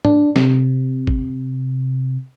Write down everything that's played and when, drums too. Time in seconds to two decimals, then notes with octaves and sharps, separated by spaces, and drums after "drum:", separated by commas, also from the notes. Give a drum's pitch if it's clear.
0.05 D4, drum: tom G#2
0.36 C3, drum: snare
1.07 drum: kick